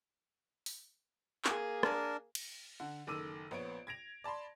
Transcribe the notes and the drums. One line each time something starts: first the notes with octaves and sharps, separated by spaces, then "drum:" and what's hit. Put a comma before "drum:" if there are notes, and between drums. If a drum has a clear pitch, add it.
drum: open hi-hat
A#3 G#4, drum: clap
D4 A#4 A5, drum: rim click
drum: cymbal
D3 F#5
F#1 D#3 A4 D6 E6 D#7
A#1 B3 C#5 D7
G#6 A#6 D7 F7
D5 A5 B5 C6